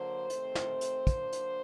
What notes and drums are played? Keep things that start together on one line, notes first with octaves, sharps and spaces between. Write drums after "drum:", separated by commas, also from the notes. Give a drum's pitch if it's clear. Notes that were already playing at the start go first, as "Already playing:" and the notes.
Already playing: D3 F#3 A#3 C5
C3 D#3 A3 C4, drum: hi-hat
drum: snare
drum: hi-hat
D3 F#3 A#3 D4, drum: kick, hi-hat
drum: hi-hat